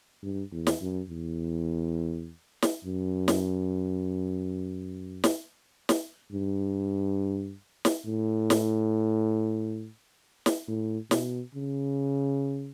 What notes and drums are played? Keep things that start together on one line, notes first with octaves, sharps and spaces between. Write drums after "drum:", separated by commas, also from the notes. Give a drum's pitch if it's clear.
G2
E2
drum: snare
F#2
E2
drum: snare
F#2
drum: snare
drum: snare
drum: snare
G2
drum: snare
A2
drum: snare
drum: snare
A2
B2, drum: snare
C#3